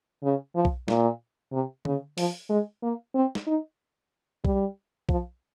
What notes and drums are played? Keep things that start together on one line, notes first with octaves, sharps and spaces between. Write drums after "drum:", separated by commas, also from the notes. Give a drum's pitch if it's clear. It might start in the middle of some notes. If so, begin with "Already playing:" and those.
C#3
F3
drum: kick B1
A#2, drum: snare
C3
C#3, drum: tom D3
F3, drum: open hi-hat
G#3
A#3
C4
drum: snare
D#4
G3, drum: kick B1
F3, drum: kick B1